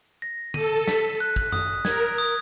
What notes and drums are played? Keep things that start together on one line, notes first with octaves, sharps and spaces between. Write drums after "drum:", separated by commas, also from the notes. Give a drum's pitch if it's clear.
A#6
A4 D#7, drum: tom D3
B6, drum: snare
F#6
drum: kick
D#6, drum: tom F#2
A#4 G#6, drum: snare
D#6